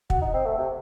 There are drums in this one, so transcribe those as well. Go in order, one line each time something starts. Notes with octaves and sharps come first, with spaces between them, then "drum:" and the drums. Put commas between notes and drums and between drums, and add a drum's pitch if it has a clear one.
F#4, drum: kick
D#4
C4
A3
C3